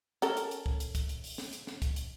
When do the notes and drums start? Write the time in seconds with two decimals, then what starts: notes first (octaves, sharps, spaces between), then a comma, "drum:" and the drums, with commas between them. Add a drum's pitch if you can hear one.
0.22 C#4 A4 A#4, drum: hi-hat
0.37 drum: hi-hat
0.51 drum: hi-hat
0.66 drum: kick C2
0.80 drum: hi-hat
0.95 drum: kick C2, hi-hat
1.09 drum: hi-hat
1.24 drum: open hi-hat
1.38 drum: snare
1.53 drum: hi-hat
1.67 drum: snare
1.82 drum: kick C2, hi-hat
1.96 drum: hi-hat